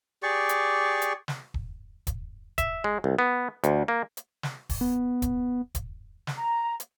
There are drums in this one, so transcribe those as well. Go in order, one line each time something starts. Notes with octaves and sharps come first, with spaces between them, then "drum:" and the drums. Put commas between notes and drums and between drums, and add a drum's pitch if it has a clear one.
G4 G#4 D5 C#6
drum: hi-hat
drum: hi-hat
drum: snare
drum: kick
drum: kick, hi-hat
E5, drum: kick, hi-hat
G#3
C2
B3
D2, drum: hi-hat
A#3
drum: hi-hat
drum: snare
drum: kick, open hi-hat
B3
drum: kick, hi-hat
drum: kick, hi-hat
drum: snare
A#5
drum: hi-hat